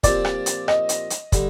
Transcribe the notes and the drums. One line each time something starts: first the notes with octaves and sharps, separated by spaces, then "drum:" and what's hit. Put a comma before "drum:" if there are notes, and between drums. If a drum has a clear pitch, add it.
A#2 F3 C4 G4 D5, drum: kick, hi-hat
drum: rim click
drum: hi-hat
D#5, drum: rim click
drum: hi-hat
drum: hi-hat
D3 G3, drum: kick, hi-hat